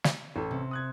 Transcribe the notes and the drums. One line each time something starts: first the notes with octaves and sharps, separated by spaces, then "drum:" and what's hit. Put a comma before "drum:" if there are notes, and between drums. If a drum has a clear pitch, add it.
drum: snare
A1 A4
C3
D#6 F#6 G#6